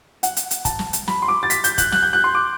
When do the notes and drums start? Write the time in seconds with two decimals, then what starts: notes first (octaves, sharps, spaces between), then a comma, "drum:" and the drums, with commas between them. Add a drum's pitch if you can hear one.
0.23 F#5, drum: hi-hat
0.36 drum: hi-hat
0.51 drum: hi-hat
0.65 A5, drum: kick, hi-hat
0.79 drum: snare
0.93 drum: hi-hat
1.08 B5, drum: snare
1.22 C6
1.28 D6
1.43 A6
1.50 B6, drum: hi-hat
1.64 G6, drum: hi-hat
1.78 F#6, drum: kick, hi-hat
1.92 F#6, drum: snare
2.02 G6
2.13 F#6
2.24 C6
2.35 D6